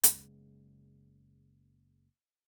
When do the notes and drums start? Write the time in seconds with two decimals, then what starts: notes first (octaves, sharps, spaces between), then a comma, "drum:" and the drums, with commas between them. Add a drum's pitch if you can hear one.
0.03 F#1 C#3 G#3 B3, drum: hi-hat